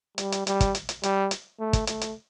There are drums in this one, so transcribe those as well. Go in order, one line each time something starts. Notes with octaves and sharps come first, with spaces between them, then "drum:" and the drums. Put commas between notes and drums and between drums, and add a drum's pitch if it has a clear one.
G3, drum: hi-hat
drum: hi-hat
G3, drum: hi-hat
drum: kick, hi-hat
drum: hi-hat
drum: hi-hat
G3, drum: hi-hat
drum: hi-hat
A3
drum: kick, hi-hat
A3, drum: hi-hat
drum: hi-hat